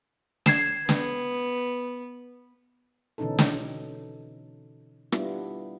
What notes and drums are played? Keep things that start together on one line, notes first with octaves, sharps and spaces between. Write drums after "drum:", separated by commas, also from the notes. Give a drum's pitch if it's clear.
G#6 C7 E7, drum: snare
B3, drum: snare
B2 D3 E3 C#4 D#4 A4
drum: snare
G3 B3 D4 E4 F4, drum: rim click